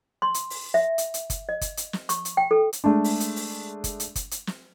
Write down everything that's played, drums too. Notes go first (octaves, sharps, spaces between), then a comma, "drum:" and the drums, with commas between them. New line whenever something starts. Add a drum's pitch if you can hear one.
C6
drum: hi-hat
drum: open hi-hat
E5
drum: hi-hat
drum: hi-hat
drum: kick, hi-hat
D#5
drum: kick, hi-hat
drum: hi-hat
drum: snare
C#6, drum: hi-hat
drum: hi-hat
G5
A4
drum: hi-hat
G#3 A3 D4
drum: open hi-hat
drum: hi-hat
drum: open hi-hat
drum: kick, hi-hat
drum: hi-hat
drum: kick, hi-hat
drum: hi-hat
drum: snare